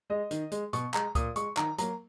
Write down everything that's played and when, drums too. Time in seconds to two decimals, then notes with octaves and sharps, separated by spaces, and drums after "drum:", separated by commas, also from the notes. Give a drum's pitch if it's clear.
0.10 G#3 D#5
0.31 D#3, drum: hi-hat
0.52 G#3, drum: hi-hat
0.73 B2 C#6, drum: hi-hat
0.94 G#3 A#5, drum: clap
1.15 A#2 D#6, drum: kick C#2, hi-hat
1.36 G#3 C#6, drum: hi-hat
1.57 D#3 A#5, drum: clap
1.78 F#3 A#3 A#5, drum: hi-hat